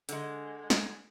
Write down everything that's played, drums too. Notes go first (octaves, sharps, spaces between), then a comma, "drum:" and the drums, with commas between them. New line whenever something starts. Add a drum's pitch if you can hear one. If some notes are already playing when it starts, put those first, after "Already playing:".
D3 G#3, drum: hi-hat
drum: snare